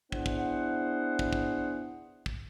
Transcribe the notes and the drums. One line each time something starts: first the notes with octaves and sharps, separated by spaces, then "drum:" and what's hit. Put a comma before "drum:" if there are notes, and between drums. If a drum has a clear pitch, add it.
B3 D4 E4 G#4 C5 F#5, drum: kick
drum: kick
drum: kick
drum: kick
drum: kick